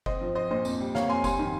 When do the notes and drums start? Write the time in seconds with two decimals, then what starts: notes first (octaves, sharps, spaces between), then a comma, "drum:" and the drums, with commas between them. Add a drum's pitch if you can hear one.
0.06 C4 C5 D#5, drum: kick F#1
0.21 F3
0.35 C4 C5 D#5
0.51 A#2 C5 D#5
0.65 F2, drum: tambourine
0.80 G3
0.95 A#3 C#5 F5, drum: snare
1.09 F2 G#5 C6
1.24 G3 G#5 C6, drum: kick F#1, tambourine
1.39 D#3